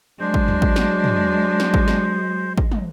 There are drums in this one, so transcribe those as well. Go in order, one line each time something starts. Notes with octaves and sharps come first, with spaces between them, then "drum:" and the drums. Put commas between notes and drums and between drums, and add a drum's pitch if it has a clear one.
F#3 G#3 D4 C5
drum: kick G#1
drum: tom
drum: kick G#1
drum: snare
drum: tom
drum: snare
drum: kick G#1
drum: snare
drum: kick G#1
drum: tom